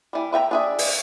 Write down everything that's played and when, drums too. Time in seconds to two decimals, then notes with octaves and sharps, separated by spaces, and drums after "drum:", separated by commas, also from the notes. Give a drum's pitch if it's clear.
0.13 E3 G3
0.33 B4 E5 G5 A#5
0.51 D4 G#4 E5
0.79 drum: open hi-hat